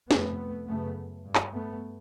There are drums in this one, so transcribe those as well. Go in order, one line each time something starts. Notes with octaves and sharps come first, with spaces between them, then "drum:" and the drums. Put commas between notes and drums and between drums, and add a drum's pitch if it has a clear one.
F2 C3 A3 B3, drum: snare
F#2 C#3 A3 B3
G2
drum: clap
A3 B3